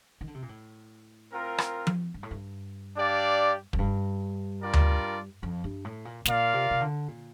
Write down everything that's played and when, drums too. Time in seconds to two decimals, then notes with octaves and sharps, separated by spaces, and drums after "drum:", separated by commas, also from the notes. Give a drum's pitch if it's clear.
0.21 D#3
0.27 D3
0.35 C3
0.42 A#2
0.49 A2
1.31 C4 F4 A#4
1.58 drum: rim click
1.87 drum: tom F3
2.14 G2
2.23 A2
2.31 G2
2.96 D4 G4 D5 F5
3.73 F2, drum: kick
3.79 G2
4.61 G3 D4 F4 A#4 D5
4.73 drum: tom D2
5.43 F2
5.64 G2
5.85 A2
6.05 A#2
6.25 A#2 F4 A#4 D5 F5, drum: snare
6.53 C3
6.71 C3
6.81 D3
7.08 A#2